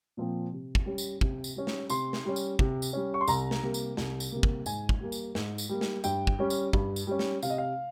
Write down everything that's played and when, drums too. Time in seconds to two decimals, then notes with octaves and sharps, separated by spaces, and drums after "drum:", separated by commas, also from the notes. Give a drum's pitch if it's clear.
0.17 A#2 F3 C4
0.52 C3
0.75 drum: kick
0.86 G3 C#4
0.98 drum: tambourine
1.21 C3, drum: kick
1.44 drum: tambourine
1.56 G3 C#4
1.67 drum: snare
1.89 C3 C6, drum: tambourine
2.13 drum: snare
2.25 G3 C#4
2.36 drum: tambourine
2.59 C3, drum: kick
2.82 drum: tambourine
2.93 G3 C#4
3.14 C#6
3.21 C6
3.28 C2 A#5, drum: tambourine
3.51 drum: snare
3.62 C3 G3 A#3
3.74 drum: tambourine
3.97 C2, drum: snare
4.20 drum: tambourine
4.32 C3 G3 A#3
4.43 drum: kick
4.66 G#2 G#5, drum: tambourine
4.89 drum: kick
5.01 G3 A#3
5.12 drum: tambourine
5.35 G#2, drum: snare
5.58 drum: tambourine
5.69 G3 A#3
5.81 drum: snare
6.04 G2 G5, drum: tambourine
6.27 drum: kick
6.39 G3 C#4
6.50 drum: tambourine
6.73 G2, drum: kick
6.96 drum: tambourine
7.07 G3 C#4
7.19 drum: snare
7.43 C3 F5, drum: tambourine
7.50 D#5
7.58 F5